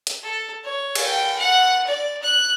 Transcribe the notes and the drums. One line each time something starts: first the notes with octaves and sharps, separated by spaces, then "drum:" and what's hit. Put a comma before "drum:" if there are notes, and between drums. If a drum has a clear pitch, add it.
drum: hi-hat
A4
C#5
drum: cymbal
G5
F#5
D5
F#6